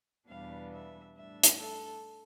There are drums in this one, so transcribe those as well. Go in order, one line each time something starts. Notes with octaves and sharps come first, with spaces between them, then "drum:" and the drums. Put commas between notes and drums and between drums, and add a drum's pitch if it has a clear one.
E2 B2 G3 B3 D4 F5
E5
A2 G3 D4 E5
drum: hi-hat
A4